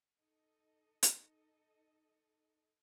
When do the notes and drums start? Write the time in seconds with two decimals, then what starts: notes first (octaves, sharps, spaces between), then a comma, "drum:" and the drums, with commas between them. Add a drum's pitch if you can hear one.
0.18 D#4 A4 D#5
1.03 drum: hi-hat